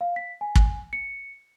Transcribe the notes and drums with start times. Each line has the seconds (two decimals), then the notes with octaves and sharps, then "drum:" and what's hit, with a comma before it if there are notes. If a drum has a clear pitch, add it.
0.01 F5
0.16 B6
0.41 G#5
0.55 drum: kick
0.93 C#7